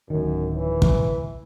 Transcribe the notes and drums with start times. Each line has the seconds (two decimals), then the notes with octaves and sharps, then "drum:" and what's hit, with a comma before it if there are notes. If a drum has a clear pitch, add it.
0.10 D1 F#2 D#3
0.55 E3
0.82 drum: kick